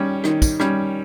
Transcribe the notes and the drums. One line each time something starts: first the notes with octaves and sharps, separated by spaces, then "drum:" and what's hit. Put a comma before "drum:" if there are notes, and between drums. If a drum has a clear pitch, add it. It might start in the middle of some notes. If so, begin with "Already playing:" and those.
Already playing: D#3 G3 C#4
D#3, drum: rim click
drum: kick, tambourine
G3 C#4, drum: rim click